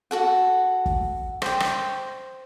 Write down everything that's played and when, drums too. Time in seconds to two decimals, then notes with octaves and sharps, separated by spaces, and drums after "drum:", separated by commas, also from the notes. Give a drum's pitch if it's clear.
0.11 F#4 A4 F#5
0.86 drum: kick
1.42 C5 G5, drum: rim click
1.60 drum: rim click